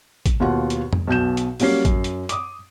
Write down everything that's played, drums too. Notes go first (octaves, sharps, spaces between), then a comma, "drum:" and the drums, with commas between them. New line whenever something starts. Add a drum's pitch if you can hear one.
drum: kick A1, hi-hat
D#2 B2 F4 F#5
drum: hi-hat
drum: tom F2
B1 B2 G6 E7
drum: hi-hat
F#3 G3 A#3 C#4 C7, drum: open hi-hat
F#2, drum: kick A1, hi-hat
drum: hi-hat
D6 D#6, drum: hi-hat